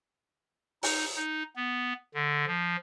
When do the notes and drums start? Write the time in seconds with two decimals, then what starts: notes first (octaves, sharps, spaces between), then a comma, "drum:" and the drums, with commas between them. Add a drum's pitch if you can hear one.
0.83 D#4, drum: open hi-hat
1.16 D#4
1.56 B3
2.14 D3
2.47 F3